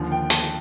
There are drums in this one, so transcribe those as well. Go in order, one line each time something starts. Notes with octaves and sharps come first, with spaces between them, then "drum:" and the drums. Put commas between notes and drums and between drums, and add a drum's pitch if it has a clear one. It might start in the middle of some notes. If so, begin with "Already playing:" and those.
Already playing: D#2 D3 F3
G5
A5, drum: hi-hat